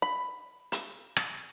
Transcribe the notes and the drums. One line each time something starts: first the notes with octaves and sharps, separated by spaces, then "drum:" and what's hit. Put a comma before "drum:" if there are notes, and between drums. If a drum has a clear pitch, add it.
B5
drum: hi-hat
drum: rim click